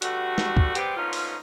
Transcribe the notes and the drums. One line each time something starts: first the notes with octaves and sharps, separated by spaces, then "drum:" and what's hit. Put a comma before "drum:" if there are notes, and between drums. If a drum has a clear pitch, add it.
G2 D3 G3 A3 F#4, drum: hi-hat
drum: snare
drum: kick
G3 G#3 B3 C4 G4, drum: hi-hat
D2 G#2 B3 C#4 D#4 F4
drum: open hi-hat